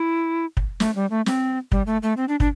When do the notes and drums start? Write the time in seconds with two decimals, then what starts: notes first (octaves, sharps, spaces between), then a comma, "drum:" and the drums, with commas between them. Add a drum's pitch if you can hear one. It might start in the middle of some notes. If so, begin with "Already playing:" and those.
Already playing: E4
0.57 drum: kick
0.80 A3, drum: snare
0.95 G3
1.10 A3
1.26 C4, drum: snare
1.72 G3, drum: kick
1.87 A3
2.03 A3
2.17 C4
2.28 D4
2.40 D4, drum: kick